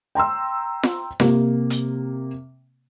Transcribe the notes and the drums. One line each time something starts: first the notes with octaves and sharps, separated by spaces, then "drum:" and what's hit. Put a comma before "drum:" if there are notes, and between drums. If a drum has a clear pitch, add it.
G5 A#5 C6 E6
drum: snare F4
C3 A#3, drum: snare F4
drum: hi-hat